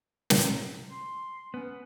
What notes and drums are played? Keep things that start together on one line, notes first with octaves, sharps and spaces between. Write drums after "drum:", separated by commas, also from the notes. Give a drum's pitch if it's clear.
drum: snare
C6
B3 C#4